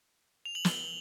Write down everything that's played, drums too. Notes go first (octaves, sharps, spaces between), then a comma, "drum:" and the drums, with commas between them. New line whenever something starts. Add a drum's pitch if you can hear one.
F7
F#7
G7, drum: snare